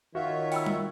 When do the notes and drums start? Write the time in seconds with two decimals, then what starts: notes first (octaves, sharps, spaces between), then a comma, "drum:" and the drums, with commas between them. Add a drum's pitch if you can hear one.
0.15 D#3 F4 F#4 C#5 E5 F5
0.52 G5 B5 E6, drum: open hi-hat
0.66 drum: tom G3